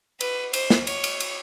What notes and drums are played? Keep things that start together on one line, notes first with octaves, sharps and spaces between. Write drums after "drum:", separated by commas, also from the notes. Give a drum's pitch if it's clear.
B4, drum: cymbal
C5, drum: cymbal
drum: snare
C#5, drum: cymbal
drum: cymbal
drum: cymbal